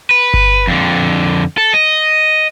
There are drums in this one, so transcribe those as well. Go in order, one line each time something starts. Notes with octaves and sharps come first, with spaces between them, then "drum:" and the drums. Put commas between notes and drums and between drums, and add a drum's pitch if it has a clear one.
B4
drum: kick G1
F2 D3
A4
D#5